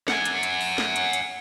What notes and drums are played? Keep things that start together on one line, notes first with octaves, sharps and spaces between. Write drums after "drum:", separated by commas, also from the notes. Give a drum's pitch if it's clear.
F#5 G#5, drum: snare
drum: hi-hat
drum: hi-hat
drum: open hi-hat
drum: snare
drum: hi-hat
drum: hi-hat